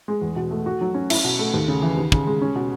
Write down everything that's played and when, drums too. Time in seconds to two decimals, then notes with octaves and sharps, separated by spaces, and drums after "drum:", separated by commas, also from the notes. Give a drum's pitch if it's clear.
0.08 G#3
0.22 E2
0.36 B2
0.51 A3
0.66 F#4
0.81 F#3
0.94 C#4
1.10 E4, drum: cymbal
1.24 B2
1.39 A3
1.54 D#2
1.68 C#3
1.82 E3
1.97 D#2
2.12 C#3, drum: kick
2.27 G#3
2.42 C#4
2.55 B2